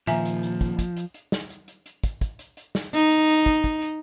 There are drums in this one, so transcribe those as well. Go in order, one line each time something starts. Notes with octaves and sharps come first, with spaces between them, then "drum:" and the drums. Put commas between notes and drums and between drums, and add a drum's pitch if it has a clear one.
A#2 D#3 F3 A#3 E5 G#5 A#5, drum: hi-hat
drum: hi-hat
drum: hi-hat
drum: kick, hi-hat
drum: kick, hi-hat
drum: hi-hat
drum: hi-hat
drum: snare
drum: hi-hat
drum: hi-hat
drum: hi-hat
drum: kick, hi-hat
drum: kick, hi-hat
drum: hi-hat
drum: hi-hat
drum: snare
D#4, drum: hi-hat
drum: hi-hat
drum: hi-hat
drum: kick, hi-hat
drum: kick, hi-hat
drum: hi-hat